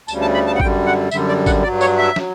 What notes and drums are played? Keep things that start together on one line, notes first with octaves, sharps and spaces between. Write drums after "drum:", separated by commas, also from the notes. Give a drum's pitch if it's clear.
D2 C#3 G3 A5, drum: tambourine
A5
B5
A5
F#5
F#2 D3 G3 G5, drum: kick G#1
F#5
F#2 D3 G3 E5, drum: tambourine
D5
F#5, drum: kick G#1, tambourine
G2 F#3 D5
C#5, drum: tambourine
E5
F#3, drum: snare